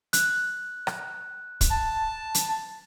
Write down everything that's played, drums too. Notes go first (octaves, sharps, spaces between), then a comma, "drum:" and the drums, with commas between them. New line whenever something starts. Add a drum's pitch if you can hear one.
F#6, drum: hi-hat
drum: rim click
drum: kick, hi-hat
A5
drum: hi-hat